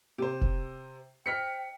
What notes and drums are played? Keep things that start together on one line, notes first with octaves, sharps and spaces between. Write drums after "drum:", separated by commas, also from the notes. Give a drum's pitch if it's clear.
C3 G4 C5
drum: kick F1
C5 D#5 G5 F6 B6 C#7